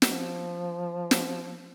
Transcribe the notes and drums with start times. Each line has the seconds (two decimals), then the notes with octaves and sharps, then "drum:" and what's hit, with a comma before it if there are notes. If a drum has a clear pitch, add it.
0.02 F3, drum: snare
1.11 drum: snare